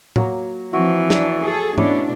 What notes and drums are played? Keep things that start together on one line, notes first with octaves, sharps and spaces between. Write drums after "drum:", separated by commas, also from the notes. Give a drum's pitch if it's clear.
F#3 A#3, drum: tom A2
E3 F3 C4 F#4
D4, drum: snare
G#4 A4
B2 A3 C#4 D4 E4 D6, drum: tom G#2